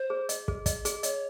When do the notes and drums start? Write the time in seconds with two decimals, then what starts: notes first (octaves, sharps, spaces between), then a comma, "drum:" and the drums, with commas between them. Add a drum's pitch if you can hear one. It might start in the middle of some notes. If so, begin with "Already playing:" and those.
Already playing: C5
0.10 G#4
0.29 D#5, drum: hi-hat
0.48 G#4, drum: kick
0.66 D#5, drum: kick, hi-hat
0.85 G#4, drum: hi-hat
1.03 C#5 D#5, drum: hi-hat